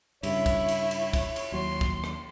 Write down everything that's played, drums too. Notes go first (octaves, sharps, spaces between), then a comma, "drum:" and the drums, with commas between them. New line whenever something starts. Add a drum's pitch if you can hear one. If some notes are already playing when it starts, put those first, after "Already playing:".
G2 C#3 E4 C#5, drum: cymbal
drum: kick, cymbal
drum: cymbal
drum: cymbal
drum: kick, cymbal
drum: cymbal
D#2 F#3 C6
drum: kick
drum: rim click